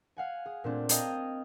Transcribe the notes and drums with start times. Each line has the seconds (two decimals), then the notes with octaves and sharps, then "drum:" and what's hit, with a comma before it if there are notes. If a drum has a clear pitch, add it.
0.17 F5 F#5 G#5
0.46 G#4
0.64 A#2 A3 C4 D4
0.89 D#5 F5 G5 A5 A#5 G#6, drum: hi-hat